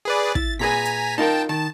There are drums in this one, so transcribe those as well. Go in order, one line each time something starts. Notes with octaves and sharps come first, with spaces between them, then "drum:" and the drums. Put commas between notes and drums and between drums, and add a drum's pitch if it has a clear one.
G#4 B4 D5
E4 A6, drum: kick
A#2 G#4 B4 G#5 A#5 B6
drum: hi-hat
D#4 F4 A#4 G5 A5
D#3 A5